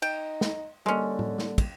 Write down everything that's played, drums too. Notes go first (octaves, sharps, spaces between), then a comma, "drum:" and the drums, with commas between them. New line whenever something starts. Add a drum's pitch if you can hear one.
D#4 G5, drum: cymbal
drum: snare
D3 G3 G#3 A#3 C#4
drum: tom A2
drum: snare
drum: kick, cymbal